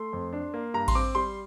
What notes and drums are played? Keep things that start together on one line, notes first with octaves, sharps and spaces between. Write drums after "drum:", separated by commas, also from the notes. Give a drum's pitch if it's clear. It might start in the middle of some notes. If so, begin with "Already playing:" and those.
Already playing: A3 C6
F2
D4
A#3
G2 A#5
C6, drum: kick A1, cymbal
C4 D6
G3 C6